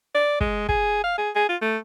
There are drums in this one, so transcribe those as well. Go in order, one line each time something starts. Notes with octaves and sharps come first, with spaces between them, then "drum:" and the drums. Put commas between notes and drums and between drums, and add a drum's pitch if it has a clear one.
D5
G#3, drum: kick
G#4, drum: kick
F5
G#4
G#4
F4
A3